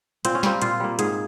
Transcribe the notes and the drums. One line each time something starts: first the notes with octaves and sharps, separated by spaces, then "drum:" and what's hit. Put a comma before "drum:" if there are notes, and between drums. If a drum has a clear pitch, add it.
A#2 C4, drum: hi-hat
C#4
G3 A#3 C4, drum: snare
A#2 F4, drum: hi-hat
G3 A#3
G#2 G#4, drum: hi-hat